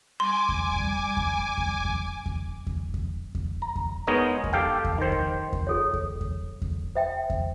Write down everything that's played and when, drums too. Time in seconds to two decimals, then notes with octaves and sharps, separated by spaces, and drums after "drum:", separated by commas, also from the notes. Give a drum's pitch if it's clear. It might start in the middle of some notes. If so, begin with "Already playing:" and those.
0.20 G3 G#5 C6 D6
0.49 drum: kick E2
0.76 drum: kick E2
1.17 drum: kick E2
1.58 drum: kick E2
1.85 drum: kick E2
2.26 drum: kick E2
2.67 drum: kick E2
2.94 drum: kick E2
3.35 drum: kick E2
3.62 A#5
3.76 drum: kick E2
4.07 G#3 B3 D#4 A#4 C#5 D#5
4.44 drum: kick E2
4.53 G4 A4 F5 G5
4.85 drum: kick E2
4.98 D#3 C5
5.12 drum: kick E2
5.53 drum: kick E2
5.67 G#4 A4 C#5
5.93 drum: kick E2
6.21 drum: kick E2
6.62 drum: kick E2
6.95 C5 E5 G5
7.30 drum: kick E2